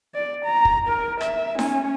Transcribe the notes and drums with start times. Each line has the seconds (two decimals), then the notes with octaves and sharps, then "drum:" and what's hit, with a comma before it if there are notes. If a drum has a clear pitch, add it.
0.15 D5
0.45 A#5
0.65 drum: kick
0.88 A#4
1.21 E5, drum: rim click
1.59 C#4, drum: snare D#4